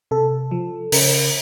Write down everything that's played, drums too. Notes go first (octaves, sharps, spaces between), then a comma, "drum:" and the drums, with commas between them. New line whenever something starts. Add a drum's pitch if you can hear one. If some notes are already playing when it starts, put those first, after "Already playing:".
C3 A4
F3
C#3 A#4, drum: open hi-hat